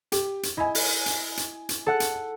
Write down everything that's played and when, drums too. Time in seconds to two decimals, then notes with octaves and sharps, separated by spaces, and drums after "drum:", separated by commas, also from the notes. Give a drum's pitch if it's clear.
0.12 G4, drum: hi-hat
0.43 drum: hi-hat
0.57 E4 D#5 G#5
0.75 drum: open hi-hat
1.06 drum: hi-hat
1.37 drum: hi-hat
1.69 drum: hi-hat
1.86 A4 F#5 F#6
2.00 drum: hi-hat